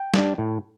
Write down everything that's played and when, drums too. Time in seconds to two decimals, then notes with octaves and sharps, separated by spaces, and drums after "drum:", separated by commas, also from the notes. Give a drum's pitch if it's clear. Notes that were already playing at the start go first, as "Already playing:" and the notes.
Already playing: G5
0.14 G3 D4, drum: snare
0.38 A2